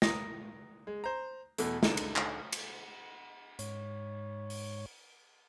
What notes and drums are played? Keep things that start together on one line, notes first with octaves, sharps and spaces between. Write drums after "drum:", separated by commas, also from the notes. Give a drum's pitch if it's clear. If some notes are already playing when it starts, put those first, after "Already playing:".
A#5 D#6 A#6, drum: snare
G#3
C5 A#5
E2 B2 E3 A3, drum: hi-hat
C#2 D3 D#4 E7, drum: snare
drum: cymbal
drum: clap
drum: cymbal
G#2 C#5, drum: hi-hat
drum: open hi-hat